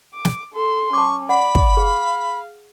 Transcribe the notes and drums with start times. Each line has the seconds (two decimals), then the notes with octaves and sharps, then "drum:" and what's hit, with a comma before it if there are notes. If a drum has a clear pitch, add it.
0.14 D6
0.25 drum: snare
0.53 A4 C6
0.93 C#4 A5 C#6 D6
1.29 D5 F#5 B5
1.55 drum: kick
1.77 G#4 F5